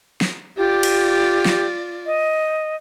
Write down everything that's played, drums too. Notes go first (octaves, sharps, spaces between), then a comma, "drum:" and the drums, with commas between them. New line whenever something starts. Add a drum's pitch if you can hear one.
drum: snare
F4 G4 D5
drum: cymbal
drum: snare
D#5